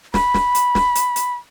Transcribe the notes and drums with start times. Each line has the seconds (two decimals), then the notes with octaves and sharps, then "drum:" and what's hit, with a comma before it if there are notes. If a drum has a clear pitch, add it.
0.14 B5, drum: snare
0.34 drum: snare
0.55 drum: hi-hat
0.75 drum: snare
0.95 drum: hi-hat
1.16 drum: hi-hat